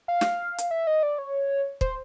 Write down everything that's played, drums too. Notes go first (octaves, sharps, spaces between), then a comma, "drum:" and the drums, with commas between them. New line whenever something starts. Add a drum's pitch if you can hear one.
F5
drum: snare
drum: hi-hat
E5
D#5
D5
C#5
C5, drum: kick